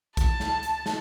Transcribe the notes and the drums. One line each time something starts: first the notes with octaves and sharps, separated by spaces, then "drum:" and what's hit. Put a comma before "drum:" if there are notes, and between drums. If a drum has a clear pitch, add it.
A5, drum: kick A#1, hi-hat
drum: snare
drum: hi-hat
drum: snare